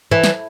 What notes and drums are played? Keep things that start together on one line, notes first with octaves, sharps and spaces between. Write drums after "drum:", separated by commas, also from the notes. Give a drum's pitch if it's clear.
E3
drum: snare